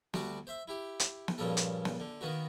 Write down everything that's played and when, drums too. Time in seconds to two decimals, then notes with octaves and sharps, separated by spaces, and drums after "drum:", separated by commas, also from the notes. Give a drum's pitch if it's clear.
0.14 D2 G3 F#4 D5 A5, drum: snare
0.47 C5 E5
0.68 E4 G4
1.00 drum: hi-hat
1.28 drum: snare
1.38 G2 A#2 C#3 F3 A4
1.57 drum: hi-hat
1.85 drum: snare
2.00 D3
2.21 D#3 A#3 B3 F#4